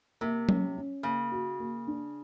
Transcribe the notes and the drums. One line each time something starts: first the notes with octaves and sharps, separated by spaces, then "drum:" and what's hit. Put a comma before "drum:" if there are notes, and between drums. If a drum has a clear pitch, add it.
C3 A#3
C#4, drum: tom F#3
C#4
C#3 A#3
F#4
A#3
D4